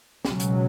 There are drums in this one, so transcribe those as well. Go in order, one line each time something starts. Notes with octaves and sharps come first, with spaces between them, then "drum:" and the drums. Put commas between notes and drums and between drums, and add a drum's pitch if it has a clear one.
C#2 B2 F#3 C#4, drum: snare
drum: hi-hat